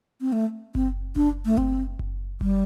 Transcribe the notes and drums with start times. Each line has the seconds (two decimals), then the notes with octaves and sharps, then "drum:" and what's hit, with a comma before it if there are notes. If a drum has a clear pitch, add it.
0.21 C4
0.32 A3
0.75 C4, drum: kick F#1
1.16 D4, drum: kick F#1
1.46 A3
1.57 C4, drum: kick F#1
1.99 drum: kick F#1
2.41 G3, drum: kick F#1